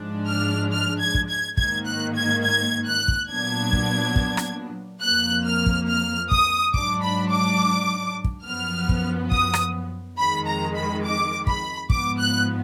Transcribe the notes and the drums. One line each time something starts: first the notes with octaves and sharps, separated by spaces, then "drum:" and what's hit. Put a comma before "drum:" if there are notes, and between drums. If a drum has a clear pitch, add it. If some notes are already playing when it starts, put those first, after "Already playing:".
Already playing: G#2 F3 G#3 D4
F6
F6
G#6
drum: kick
G#6
G#2 D#3 A#3 G#6, drum: kick
F#6
G#6
G#6
F#6
drum: kick
A#2 F#3 B3 D4 G#6
drum: kick
drum: kick
drum: rim click
F2 F3 A#3 F#6
F6
drum: kick
F6
D#6, drum: kick
G#2 F#3 D4 D6, drum: kick
B5
D6
drum: kick
F#2 F3 B3 F6
drum: kick
D#6, drum: kick
drum: rim click
F2 D#3 G#3 B5
A#5
B5
D6
B5, drum: kick
G#2 F3 B3 D6, drum: kick
F#6